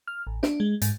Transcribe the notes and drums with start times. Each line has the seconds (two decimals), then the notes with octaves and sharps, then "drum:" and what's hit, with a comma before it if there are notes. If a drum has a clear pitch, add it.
0.08 F6
0.27 A1
0.43 D4, drum: snare
0.60 G#3
0.82 G#2, drum: hi-hat